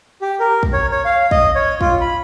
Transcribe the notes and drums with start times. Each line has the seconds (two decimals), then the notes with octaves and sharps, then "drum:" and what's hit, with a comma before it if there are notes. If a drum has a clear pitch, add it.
0.22 G4
0.40 A#4
0.63 drum: kick
0.73 C#5
0.92 C#5
1.05 F5
1.31 D#5, drum: kick
1.55 C#5
1.81 F4, drum: kick
2.01 B5